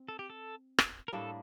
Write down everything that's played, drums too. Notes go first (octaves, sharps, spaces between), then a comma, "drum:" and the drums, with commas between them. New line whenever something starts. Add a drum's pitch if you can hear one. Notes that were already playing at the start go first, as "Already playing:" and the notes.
Already playing: C4
A4
G4
A4
drum: rim click
A#4
A2 G3 A#3 D4 A4